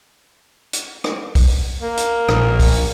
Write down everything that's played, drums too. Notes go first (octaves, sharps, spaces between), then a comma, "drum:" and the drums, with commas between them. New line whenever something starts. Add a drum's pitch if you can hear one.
drum: hi-hat
drum: rim click
drum: kick B1, open hi-hat
A#3
drum: hi-hat
A#1, drum: rim click
drum: kick B1, open hi-hat